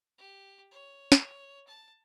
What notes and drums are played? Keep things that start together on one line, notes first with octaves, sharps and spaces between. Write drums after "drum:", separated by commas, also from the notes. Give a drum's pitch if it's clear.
G4
C#5
drum: snare
A5